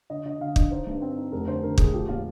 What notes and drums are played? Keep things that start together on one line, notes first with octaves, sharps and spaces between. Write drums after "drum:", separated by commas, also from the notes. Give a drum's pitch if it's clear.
D3 D#5
D3 D#5
D3 F5
D4 D#5, drum: kick
D#4 C5
G2
C4
D#4
F1 A#4
D3 C5
D3 A#4
F1 G#4, drum: kick
F3 G4
A#2 F4